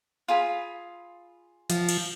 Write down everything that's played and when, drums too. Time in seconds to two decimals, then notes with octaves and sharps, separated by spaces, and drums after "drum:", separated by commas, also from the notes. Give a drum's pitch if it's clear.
0.28 F4 G#4 B5
1.70 F3, drum: hi-hat
1.89 drum: cymbal